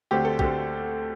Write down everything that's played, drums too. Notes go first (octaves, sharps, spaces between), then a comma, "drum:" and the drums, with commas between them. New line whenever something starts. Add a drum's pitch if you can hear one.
D2 D3 A3 C4 G4
A4
D2 D3 A3 C4 G4, drum: kick B1